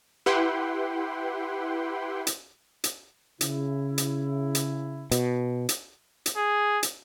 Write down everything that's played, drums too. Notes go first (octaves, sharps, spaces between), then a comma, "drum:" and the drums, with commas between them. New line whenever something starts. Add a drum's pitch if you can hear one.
E4 G4 B4 F#5 G5 C6
drum: hi-hat
drum: hi-hat
C#3 E4, drum: hi-hat
drum: hi-hat
drum: hi-hat
B2, drum: hi-hat
drum: hi-hat
drum: hi-hat
G#4
drum: hi-hat